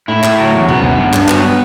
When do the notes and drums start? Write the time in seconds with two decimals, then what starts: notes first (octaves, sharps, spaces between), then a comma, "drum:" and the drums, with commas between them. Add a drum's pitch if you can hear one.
0.08 A2 E4
0.23 A2, drum: clap
0.38 F#3
0.54 E2
0.69 F#2 B3, drum: tom B2
0.83 F#2, drum: kick
0.99 G2
1.13 G2, drum: clap
1.28 F#3 B3, drum: clap